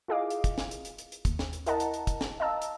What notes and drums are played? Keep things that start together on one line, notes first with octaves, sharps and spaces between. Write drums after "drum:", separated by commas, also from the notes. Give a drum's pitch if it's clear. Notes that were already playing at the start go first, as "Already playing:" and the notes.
E4 F4 G#4 D#5 F5 D6
drum: hi-hat
drum: kick, hi-hat
drum: snare
drum: hi-hat
drum: hi-hat
drum: hi-hat
drum: hi-hat
D#2, drum: kick, hi-hat
drum: snare
drum: hi-hat
E4 A#4 D#5 F#5 A5 A#5, drum: hi-hat
drum: hi-hat
drum: hi-hat
drum: kick, hi-hat
drum: snare
D#5 F5 A5 A#5 E6
drum: hi-hat